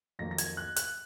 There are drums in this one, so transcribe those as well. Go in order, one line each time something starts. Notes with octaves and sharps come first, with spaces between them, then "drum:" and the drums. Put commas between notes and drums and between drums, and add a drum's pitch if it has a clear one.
F2 D#3 F#3 A#3 A#6
A#6
G#6, drum: hi-hat
F#6
F#6, drum: hi-hat